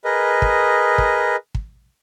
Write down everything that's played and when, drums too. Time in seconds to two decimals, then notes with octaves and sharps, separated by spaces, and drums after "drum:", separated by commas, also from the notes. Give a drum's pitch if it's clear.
0.04 G#4 A#4 B4 D#5
0.42 drum: kick
0.98 drum: kick
1.55 drum: kick